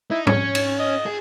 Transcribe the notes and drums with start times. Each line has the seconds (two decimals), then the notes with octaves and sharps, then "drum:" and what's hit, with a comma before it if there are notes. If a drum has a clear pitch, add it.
0.11 D#4 E4
0.27 C#4 C#5, drum: tom G#2
0.55 drum: cymbal
0.79 D#5
1.06 G#4